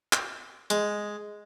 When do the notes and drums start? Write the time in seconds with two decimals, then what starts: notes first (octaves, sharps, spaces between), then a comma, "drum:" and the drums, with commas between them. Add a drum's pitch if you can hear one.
0.13 drum: clap
0.70 G#3, drum: hi-hat